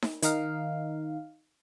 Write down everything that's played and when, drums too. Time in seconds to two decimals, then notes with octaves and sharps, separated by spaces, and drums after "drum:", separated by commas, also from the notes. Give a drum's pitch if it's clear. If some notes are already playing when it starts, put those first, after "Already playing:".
0.02 drum: snare D#4
0.22 D#3 D#4 F5, drum: hi-hat